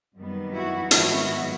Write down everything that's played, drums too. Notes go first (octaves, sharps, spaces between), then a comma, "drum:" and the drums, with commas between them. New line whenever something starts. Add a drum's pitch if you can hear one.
F#2 D#3 G3 B3
E4 F#4
G#2 D#3 F#3 B3 E4 F#4, drum: hi-hat